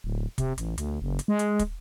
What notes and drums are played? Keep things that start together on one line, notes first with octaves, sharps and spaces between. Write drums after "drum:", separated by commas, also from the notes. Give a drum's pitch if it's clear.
D1
C3, drum: kick, hi-hat
A1, drum: hi-hat
D2, drum: hi-hat
F#1
drum: hi-hat
G#3
drum: hi-hat
drum: kick, hi-hat